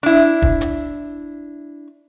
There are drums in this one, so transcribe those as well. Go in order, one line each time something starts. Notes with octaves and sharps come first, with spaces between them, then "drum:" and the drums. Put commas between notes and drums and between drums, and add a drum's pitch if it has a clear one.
D4 E4
drum: kick
drum: hi-hat